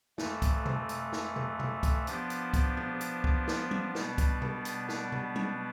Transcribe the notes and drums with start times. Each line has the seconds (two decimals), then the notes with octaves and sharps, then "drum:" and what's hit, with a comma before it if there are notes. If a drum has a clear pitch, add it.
0.18 F2 E3 A3, drum: snare
0.42 drum: kick, hi-hat
0.65 drum: tom B2
0.89 drum: hi-hat
1.12 drum: snare
1.36 drum: tom B2
1.59 drum: tom B2
1.83 drum: kick, hi-hat
2.07 F3 B3 D4 G4 C5, drum: hi-hat
2.30 drum: hi-hat
2.54 drum: kick, hi-hat
2.77 drum: tom
3.01 drum: hi-hat
3.24 drum: kick
3.48 drum: snare
3.71 drum: tom F#3
3.95 B2 G3 B3 D4, drum: snare
4.18 drum: kick, hi-hat
4.42 drum: tom B2
4.65 drum: hi-hat
4.89 drum: snare
5.12 drum: tom B2
5.36 drum: tom F#3